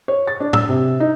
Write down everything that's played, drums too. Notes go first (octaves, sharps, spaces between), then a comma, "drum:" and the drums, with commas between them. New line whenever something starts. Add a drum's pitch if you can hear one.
C#5
A6
D4
E6, drum: tom
C3
D#4